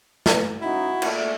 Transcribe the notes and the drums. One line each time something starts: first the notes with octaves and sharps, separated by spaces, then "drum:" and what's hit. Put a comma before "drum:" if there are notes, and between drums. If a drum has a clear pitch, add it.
drum: snare
C#4 D#4 E4 F#4
A#2 A3, drum: cymbal